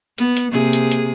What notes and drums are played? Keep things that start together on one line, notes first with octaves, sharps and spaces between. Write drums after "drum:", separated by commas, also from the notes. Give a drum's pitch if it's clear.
B3, drum: hi-hat
drum: hi-hat
C3 A#3 G#4
drum: hi-hat
drum: hi-hat